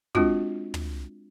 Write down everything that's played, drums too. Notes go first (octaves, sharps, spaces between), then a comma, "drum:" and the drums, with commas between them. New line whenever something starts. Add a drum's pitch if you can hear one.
G#3 C4 D4 F4 F#4, drum: kick
drum: tom